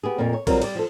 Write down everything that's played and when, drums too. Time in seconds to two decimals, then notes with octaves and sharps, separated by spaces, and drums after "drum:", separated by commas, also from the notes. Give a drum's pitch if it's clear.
0.03 B3 G4 G#4
0.18 F2 A#2 F3 A#4
0.33 C#5
0.47 D3 F#3 G3 C4 F4 A#4, drum: kick A#1, cymbal
0.62 G3 D5, drum: cymbal
0.75 F3 A4